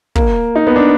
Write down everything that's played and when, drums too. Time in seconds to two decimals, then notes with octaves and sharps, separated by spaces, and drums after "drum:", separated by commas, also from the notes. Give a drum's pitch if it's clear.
0.15 A#3, drum: kick
0.55 D#4
0.67 B3
0.76 D4